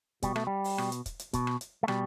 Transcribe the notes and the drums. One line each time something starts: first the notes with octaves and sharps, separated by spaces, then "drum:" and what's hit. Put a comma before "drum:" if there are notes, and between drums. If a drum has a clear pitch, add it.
B2 G3, drum: kick, hi-hat
A3, drum: rim click
G3
drum: open hi-hat
B2, drum: rim click
drum: hi-hat
drum: kick, hi-hat
drum: hi-hat
B2, drum: kick, hi-hat
drum: rim click
drum: hi-hat
A3
B2 G3, drum: rim click